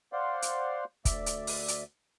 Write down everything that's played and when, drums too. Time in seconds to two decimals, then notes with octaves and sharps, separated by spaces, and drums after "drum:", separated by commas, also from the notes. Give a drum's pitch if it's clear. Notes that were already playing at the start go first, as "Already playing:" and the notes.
0.13 C5 D5 F5 F#5 C6
0.42 drum: hi-hat
1.05 D2 D5 E5, drum: kick, hi-hat
1.26 drum: hi-hat
1.47 drum: open hi-hat
1.68 drum: hi-hat